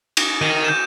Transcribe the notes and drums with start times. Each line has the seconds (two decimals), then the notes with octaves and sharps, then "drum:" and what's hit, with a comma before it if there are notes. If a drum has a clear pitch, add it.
0.17 drum: cymbal
0.41 D#3 D#7
0.64 G6 E7